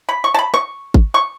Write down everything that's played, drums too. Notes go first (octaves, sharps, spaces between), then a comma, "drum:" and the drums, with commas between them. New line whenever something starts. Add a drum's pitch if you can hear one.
B5
C#6
A5
B5
C#6, drum: rim click
drum: kick G#1
C#6